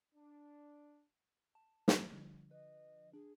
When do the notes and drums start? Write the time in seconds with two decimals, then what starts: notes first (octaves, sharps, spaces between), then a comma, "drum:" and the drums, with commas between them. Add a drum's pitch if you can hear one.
0.15 D4
1.55 A5
1.88 drum: snare
2.13 D3 F3 G3
2.51 B4 D#5
3.13 D4 G#4